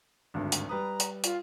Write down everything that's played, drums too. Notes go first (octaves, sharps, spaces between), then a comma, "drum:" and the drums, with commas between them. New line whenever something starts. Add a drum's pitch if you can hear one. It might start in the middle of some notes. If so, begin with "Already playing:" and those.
G#1 D2 G2
drum: hi-hat
G3 B4 A#5 D#6
drum: hi-hat
F4, drum: hi-hat